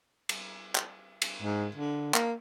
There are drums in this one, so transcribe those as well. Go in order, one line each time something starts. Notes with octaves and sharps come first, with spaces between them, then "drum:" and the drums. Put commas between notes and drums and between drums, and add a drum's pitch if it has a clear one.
drum: cymbal
drum: clap
drum: cymbal
G#2
D3
A#3, drum: clap